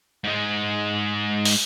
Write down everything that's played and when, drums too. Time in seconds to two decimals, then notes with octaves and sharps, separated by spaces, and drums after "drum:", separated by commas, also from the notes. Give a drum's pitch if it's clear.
0.24 G#2 G#3
1.45 drum: open hi-hat